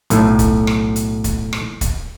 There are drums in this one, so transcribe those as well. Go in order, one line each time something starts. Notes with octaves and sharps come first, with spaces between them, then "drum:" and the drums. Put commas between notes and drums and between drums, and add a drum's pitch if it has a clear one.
B1 A2, drum: hi-hat
drum: kick, hi-hat
drum: rim click
drum: hi-hat
drum: kick, hi-hat
drum: rim click
drum: kick, hi-hat